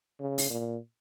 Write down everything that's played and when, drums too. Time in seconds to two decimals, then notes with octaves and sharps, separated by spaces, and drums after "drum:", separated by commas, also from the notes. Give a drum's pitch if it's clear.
0.20 C#3
0.38 drum: open hi-hat
0.50 A#2